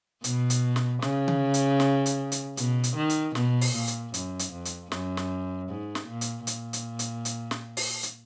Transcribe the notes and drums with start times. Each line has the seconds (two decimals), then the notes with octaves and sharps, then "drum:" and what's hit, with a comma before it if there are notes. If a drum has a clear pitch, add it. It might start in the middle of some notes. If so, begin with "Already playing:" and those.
0.24 B2, drum: hi-hat
0.50 drum: hi-hat
0.76 drum: snare
1.02 C#3, drum: snare
1.28 drum: tom D3
1.54 drum: hi-hat
1.80 drum: snare
2.06 drum: hi-hat
2.32 drum: hi-hat
2.57 B2, drum: hi-hat
2.84 drum: hi-hat
2.96 D#3
3.10 drum: hi-hat
3.35 B2, drum: snare
3.61 drum: open hi-hat
3.74 A#2
3.87 drum: hi-hat
4.14 F#2, drum: hi-hat
4.39 drum: hi-hat
4.52 F2
4.65 drum: hi-hat
4.92 F#2, drum: snare
5.17 drum: snare
5.69 G#2
5.95 drum: snare
6.08 A#2
6.21 drum: hi-hat
6.47 A#2, drum: hi-hat
6.73 drum: hi-hat
6.99 drum: hi-hat
7.25 drum: hi-hat
7.51 drum: snare
7.77 drum: open hi-hat
8.03 drum: hi-hat